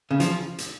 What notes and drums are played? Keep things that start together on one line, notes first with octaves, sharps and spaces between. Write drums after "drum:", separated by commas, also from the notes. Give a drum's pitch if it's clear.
C#3
F3, drum: hi-hat
drum: hi-hat